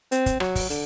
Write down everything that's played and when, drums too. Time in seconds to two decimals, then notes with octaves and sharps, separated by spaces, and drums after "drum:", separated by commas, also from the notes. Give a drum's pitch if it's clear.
0.12 C4, drum: hi-hat
0.26 drum: kick, hi-hat
0.40 F#3, drum: rim click
0.55 drum: kick, open hi-hat
0.70 D3, drum: hi-hat